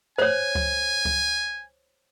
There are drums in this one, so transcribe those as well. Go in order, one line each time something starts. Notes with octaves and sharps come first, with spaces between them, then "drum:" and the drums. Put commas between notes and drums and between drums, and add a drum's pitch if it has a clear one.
C5 C#5 G#5, drum: tom
drum: kick C#2
drum: kick C#2